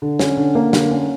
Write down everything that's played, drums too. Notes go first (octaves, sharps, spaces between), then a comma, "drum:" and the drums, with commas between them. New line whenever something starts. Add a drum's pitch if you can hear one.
D3
C#4, drum: snare
D3
A#3
D3, drum: snare
C#4